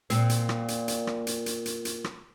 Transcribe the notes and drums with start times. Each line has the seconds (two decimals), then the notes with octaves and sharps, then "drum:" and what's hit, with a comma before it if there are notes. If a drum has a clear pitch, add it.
0.10 A#2 C4, drum: hi-hat
0.29 drum: hi-hat
0.49 drum: rim click
0.68 drum: hi-hat
0.88 drum: hi-hat
1.07 drum: rim click
1.27 drum: hi-hat
1.46 drum: hi-hat
1.66 drum: hi-hat
1.85 drum: hi-hat
2.04 drum: rim click